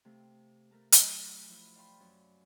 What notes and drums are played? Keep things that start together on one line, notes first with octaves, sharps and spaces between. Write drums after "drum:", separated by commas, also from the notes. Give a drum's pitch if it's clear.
C3 A3 F5
A3 A#4 A5
F#3 B4, drum: hi-hat
F3 E4 F4
D5 F5 G5 B5 C6
F#2